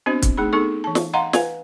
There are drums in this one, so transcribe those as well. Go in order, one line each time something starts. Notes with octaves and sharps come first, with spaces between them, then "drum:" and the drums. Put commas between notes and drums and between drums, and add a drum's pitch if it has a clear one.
B3 C4 D4 F#4 C5 D#5
drum: kick, hi-hat
A3 D#4 G#4 B5
B3 D#4 G#4 A4 C#6
E3 A5
drum: snare
D#5 F5 F#5 A#5 C6
B4 F5 G#5, drum: snare